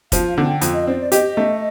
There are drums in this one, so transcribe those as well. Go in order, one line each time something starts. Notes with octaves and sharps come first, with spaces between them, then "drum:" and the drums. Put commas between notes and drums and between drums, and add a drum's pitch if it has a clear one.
F3 F5, drum: kick, hi-hat
D3 G5
F2, drum: hi-hat
D#5
C4 D5
D5
G4 D#5, drum: hi-hat
A3